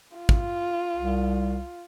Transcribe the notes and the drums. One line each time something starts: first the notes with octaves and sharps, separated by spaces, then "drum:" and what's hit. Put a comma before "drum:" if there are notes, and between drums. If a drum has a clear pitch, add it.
F4
drum: kick
C2